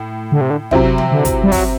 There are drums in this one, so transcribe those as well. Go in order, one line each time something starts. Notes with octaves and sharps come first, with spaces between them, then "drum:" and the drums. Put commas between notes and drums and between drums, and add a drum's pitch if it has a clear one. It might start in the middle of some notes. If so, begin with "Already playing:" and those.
Already playing: A2
D3
C3
D3
C3 F#3 C4 E4, drum: kick
drum: tom E3
D3
drum: kick, hi-hat
G3
F#3, drum: kick, open hi-hat